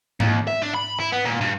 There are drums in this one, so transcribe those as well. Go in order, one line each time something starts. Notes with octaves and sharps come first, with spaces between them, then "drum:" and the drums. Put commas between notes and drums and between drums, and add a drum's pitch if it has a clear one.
D#2, drum: tom G#2
E5
D4
B5
E4
B3
A#2
G2